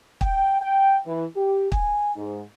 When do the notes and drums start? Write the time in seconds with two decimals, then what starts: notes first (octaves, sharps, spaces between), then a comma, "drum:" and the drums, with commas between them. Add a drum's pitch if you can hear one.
0.21 G5, drum: kick
0.60 G5
1.06 E3
1.35 G4
1.72 G#5, drum: kick
2.15 G#2